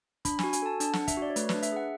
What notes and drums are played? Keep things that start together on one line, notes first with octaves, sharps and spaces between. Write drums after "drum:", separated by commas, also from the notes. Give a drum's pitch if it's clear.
D4 B5, drum: kick, hi-hat
G#5, drum: snare
F#4
G#5, drum: hi-hat
A4 A5
D4 A5, drum: hi-hat
F#5, drum: snare
D4
E5, drum: kick, hi-hat
F#4 D5
C#5
A3 B4, drum: hi-hat
B4, drum: snare
D4
E5, drum: hi-hat
G#4 F#5